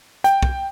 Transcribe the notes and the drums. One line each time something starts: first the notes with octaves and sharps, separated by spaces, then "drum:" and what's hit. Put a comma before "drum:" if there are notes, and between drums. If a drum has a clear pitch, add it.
G5, drum: hi-hat
drum: kick